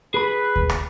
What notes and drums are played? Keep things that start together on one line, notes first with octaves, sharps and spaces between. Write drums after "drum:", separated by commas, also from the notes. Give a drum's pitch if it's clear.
G#4 B4 B5
drum: kick D2
drum: rim click